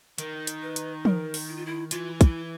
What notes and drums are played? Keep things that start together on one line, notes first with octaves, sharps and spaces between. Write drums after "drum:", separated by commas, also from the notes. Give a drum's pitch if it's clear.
D#3 A#4, drum: hi-hat
drum: hi-hat
B4
drum: hi-hat
A#4, drum: tom
drum: open hi-hat
E4
F4
E4
E3 F4, drum: hi-hat
E4, drum: kick, hi-hat